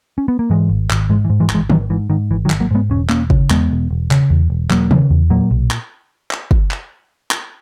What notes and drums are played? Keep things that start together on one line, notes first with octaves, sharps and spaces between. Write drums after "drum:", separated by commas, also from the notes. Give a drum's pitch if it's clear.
C#4
B3
A#3
G#2 E3 G#3
G#1
G#1, drum: clap
G#2 E3 G#3
E3
G#2
E3 G#3
G#1, drum: clap
E3 G#3
G#1 D#3 F#3, drum: tom D#3
G#2 E3
G#2 D#3
G#1 E3
D#3 F#3
G#1, drum: clap
F#3 A#3
G#2 G#3 B3
E1 C#4
E1 A#3 C#4, drum: clap
C#3, drum: kick
E2 G#3 B3, drum: clap
E1
E1
C#3, drum: clap
E2
E1
E1 F#3 A#3, drum: clap
C#3, drum: tom D#3
E2
A#2 F#3 A#3
B1
drum: clap
drum: clap
drum: kick
drum: clap
drum: clap